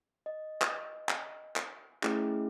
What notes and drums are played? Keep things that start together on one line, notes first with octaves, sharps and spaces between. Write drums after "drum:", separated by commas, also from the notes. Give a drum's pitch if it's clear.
D#5
drum: clap
drum: clap
drum: clap
A3 C#4 E4 G#4, drum: clap